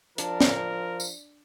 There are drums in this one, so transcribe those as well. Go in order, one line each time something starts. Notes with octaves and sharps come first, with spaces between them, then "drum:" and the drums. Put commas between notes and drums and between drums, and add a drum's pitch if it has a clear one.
F3 D4 A#4, drum: hi-hat
drum: snare
drum: tambourine